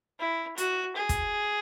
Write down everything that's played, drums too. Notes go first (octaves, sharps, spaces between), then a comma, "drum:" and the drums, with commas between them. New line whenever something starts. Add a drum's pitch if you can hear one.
E4
F#4, drum: hi-hat
G#4
drum: kick, hi-hat